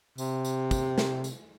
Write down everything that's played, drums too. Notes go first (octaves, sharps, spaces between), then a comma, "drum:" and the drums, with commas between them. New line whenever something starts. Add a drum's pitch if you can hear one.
C3, drum: tambourine
drum: tambourine
drum: kick, tambourine
drum: snare
drum: tambourine